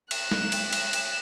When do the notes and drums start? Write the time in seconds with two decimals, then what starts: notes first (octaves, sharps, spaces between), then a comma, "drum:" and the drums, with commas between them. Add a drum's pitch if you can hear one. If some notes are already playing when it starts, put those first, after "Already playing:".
0.11 F#6 E7, drum: cymbal
0.31 drum: snare
0.52 drum: cymbal
0.73 drum: cymbal
0.93 drum: cymbal